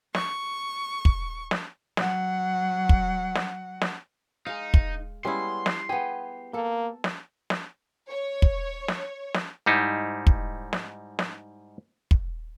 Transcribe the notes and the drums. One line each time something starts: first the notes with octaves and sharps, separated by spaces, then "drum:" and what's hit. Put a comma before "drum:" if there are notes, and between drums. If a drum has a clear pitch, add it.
C#6, drum: snare
drum: kick
drum: snare
F#3 F#5, drum: snare
drum: kick
drum: snare
drum: snare
G#3 D#4 F5
drum: kick
G3 G#3 B3 C#4 E4 C6
drum: snare
B3 G4 G#4
A#3 A4
drum: snare
drum: snare
C#5
drum: kick
drum: snare
drum: snare
G#2 G3 D#4 E4
drum: kick
drum: snare
drum: snare
drum: kick